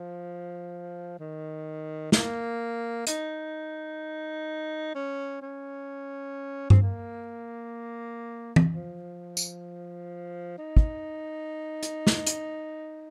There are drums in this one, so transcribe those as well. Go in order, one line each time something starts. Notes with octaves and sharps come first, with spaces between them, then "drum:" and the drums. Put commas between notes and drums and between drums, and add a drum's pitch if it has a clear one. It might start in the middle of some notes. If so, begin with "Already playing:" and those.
Already playing: F3
D#3
A#3, drum: snare
D#4, drum: hi-hat
C#4
C#4
C4, drum: tom G2
A#3
drum: tom E3
F3
drum: tambourine
D#4
drum: kick
drum: hi-hat
drum: snare
drum: hi-hat